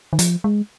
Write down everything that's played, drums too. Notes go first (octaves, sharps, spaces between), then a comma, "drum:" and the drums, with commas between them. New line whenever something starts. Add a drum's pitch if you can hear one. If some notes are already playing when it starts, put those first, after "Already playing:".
D#3
F3, drum: hi-hat
G#3